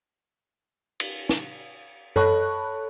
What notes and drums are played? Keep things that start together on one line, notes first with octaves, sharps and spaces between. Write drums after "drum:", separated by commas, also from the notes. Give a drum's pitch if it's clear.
drum: cymbal
drum: snare
A4 C#5 A5 B5 C#6 F#6, drum: tom F#2